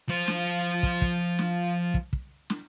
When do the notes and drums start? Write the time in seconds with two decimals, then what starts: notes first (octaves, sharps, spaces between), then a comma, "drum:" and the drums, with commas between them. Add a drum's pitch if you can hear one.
0.09 F3 C5
0.27 drum: snare
0.83 drum: kick
1.02 drum: kick
1.39 drum: snare
1.94 drum: kick
2.13 drum: kick
2.50 drum: snare